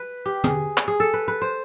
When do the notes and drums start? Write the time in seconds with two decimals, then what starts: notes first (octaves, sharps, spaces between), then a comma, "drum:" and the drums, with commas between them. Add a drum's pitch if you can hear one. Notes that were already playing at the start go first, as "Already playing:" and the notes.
Already playing: B4
0.26 G4
0.44 G#4, drum: tom
0.77 drum: clap
0.88 G#4
1.00 A4
1.14 B4
1.28 B4
1.42 C5